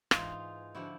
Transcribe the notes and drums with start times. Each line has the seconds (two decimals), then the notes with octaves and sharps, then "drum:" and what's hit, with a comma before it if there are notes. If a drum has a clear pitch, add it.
0.11 G#2 E3 D#4 F4, drum: rim click
0.75 D3 F3 E4 F#4